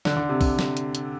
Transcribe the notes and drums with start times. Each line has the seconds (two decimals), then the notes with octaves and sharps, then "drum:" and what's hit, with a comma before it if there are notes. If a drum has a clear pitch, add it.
0.05 D3, drum: snare
0.17 D3
0.29 C3
0.41 drum: kick, open hi-hat
0.59 drum: snare
0.77 drum: hi-hat
0.95 drum: hi-hat